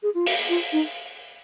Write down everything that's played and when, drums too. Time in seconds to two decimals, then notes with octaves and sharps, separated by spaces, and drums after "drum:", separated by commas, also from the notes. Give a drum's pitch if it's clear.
0.03 G#4
0.14 F4
0.26 F#4, drum: open hi-hat
0.49 F4
0.72 D#4